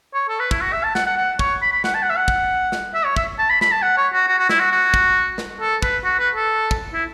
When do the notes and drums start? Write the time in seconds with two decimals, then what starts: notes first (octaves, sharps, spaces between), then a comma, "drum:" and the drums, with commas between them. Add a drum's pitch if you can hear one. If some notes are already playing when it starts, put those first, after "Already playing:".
0.14 C#5
0.29 A4
0.39 B4
0.51 E4, drum: kick
0.62 F#4
0.73 E5
0.84 A5
0.95 F#5, drum: snare
1.06 F#5
1.17 F#5
1.39 C#5, drum: kick
1.62 B5
1.72 B5
1.84 F#5, drum: snare
1.94 A5
2.03 F#5
2.10 E5
2.16 F#5
2.28 drum: kick
2.72 drum: snare
2.94 E5
3.05 C#5
3.16 E5, drum: kick
3.39 A5
3.50 B5
3.61 B5, drum: snare
3.72 A5
3.83 F#5
3.97 C#5
4.13 F#4
4.27 F#4
4.39 F#4
4.49 E4, drum: snare
4.60 F#4
4.71 F#4
4.94 drum: kick
5.38 drum: snare
5.61 A4
5.82 B4, drum: kick
6.04 F#4
6.19 B4
6.34 A4
6.71 drum: kick
6.93 E4